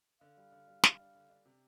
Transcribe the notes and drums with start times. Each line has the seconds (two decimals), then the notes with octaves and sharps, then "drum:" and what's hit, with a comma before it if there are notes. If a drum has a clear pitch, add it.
0.21 D3 F5
0.37 G3
0.52 D3
0.68 G3
0.84 G3, drum: snare
0.99 D4
1.15 D3
1.30 D4
1.45 C3